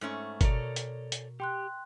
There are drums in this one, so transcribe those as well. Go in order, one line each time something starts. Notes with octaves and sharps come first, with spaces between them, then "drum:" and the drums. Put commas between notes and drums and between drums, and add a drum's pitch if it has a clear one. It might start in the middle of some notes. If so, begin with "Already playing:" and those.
G#2 A3 C#4
B2 A4 A#4 C#5 D5, drum: kick G1, hi-hat
drum: hi-hat
drum: hi-hat
G4 G5 C6 F#6